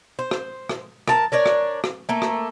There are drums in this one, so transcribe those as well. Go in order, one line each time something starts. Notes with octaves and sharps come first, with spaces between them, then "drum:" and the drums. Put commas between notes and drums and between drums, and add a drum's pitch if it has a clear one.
C5
drum: rim click
drum: rim click
A#4 A5, drum: rim click
D4 A#4 C#5 D5
drum: rim click
drum: rim click
A3 A#3
drum: rim click